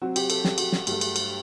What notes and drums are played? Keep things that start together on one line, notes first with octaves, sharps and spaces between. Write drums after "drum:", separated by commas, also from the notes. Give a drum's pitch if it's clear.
C3 F#3 C4 F#4
G4, drum: cymbal
A4, drum: cymbal
G4, drum: snare
F#4, drum: cymbal
F#4, drum: snare
G2 F#3 A3 G4, drum: cymbal
drum: cymbal
drum: cymbal